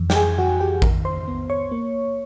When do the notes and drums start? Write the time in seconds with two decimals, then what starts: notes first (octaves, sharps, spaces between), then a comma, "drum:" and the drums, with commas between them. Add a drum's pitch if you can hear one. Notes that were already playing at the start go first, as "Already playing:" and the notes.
Already playing: F2 E3
0.10 G5, drum: snare
0.15 G#4 G#5
0.38 F2 F#4 F#5
0.60 G4 G5
0.82 D#3 A#4 A#5, drum: kick A1
1.05 C5 C6
1.28 B3
1.50 C#5 C#6
1.72 A#3